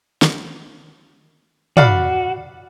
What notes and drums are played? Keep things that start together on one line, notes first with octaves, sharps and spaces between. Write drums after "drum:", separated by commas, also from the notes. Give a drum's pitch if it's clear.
drum: snare
F#4 D5 F5 B5, drum: tom